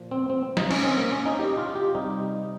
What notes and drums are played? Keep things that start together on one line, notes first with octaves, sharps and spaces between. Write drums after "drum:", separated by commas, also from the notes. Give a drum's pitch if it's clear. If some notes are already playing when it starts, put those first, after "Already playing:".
Already playing: A#2 F3
C4
C4
D#4, drum: snare
C#4, drum: cymbal
C4
A#3
C#4
D#4
G4
F4
G4
C3 G3 D#4